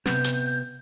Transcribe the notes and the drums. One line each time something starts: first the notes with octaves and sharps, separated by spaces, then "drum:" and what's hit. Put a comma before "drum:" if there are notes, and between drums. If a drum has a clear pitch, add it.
C3 B3 G6, drum: snare
drum: hi-hat